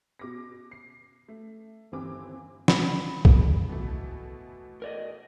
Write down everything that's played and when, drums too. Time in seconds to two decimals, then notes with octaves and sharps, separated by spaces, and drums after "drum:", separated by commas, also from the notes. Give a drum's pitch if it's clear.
0.19 B2 D6 A#6
0.71 C7
1.28 A3
1.92 G1 D#2 E3 C4 D6
2.68 B5, drum: snare
3.25 drum: kick C2
3.69 B2 E3 A3
4.82 A#4 D5 D#5